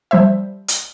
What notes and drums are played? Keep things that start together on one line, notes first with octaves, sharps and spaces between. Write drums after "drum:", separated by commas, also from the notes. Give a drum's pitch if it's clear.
F3 G3 C5 E5
drum: hi-hat